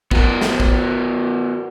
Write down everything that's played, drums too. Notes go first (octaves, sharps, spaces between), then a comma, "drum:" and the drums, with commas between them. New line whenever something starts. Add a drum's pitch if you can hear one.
B3 F#4 A#4, drum: kick
drum: snare
drum: kick